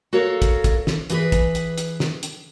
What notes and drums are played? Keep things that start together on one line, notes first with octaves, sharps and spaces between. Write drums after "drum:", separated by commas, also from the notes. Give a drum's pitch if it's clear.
F#4 A4 A#4 C#5 F5
drum: kick, hi-hat
drum: kick, hi-hat
drum: snare
E3 G#4 B4, drum: hi-hat
drum: kick, hi-hat
drum: hi-hat
drum: hi-hat
drum: snare
drum: hi-hat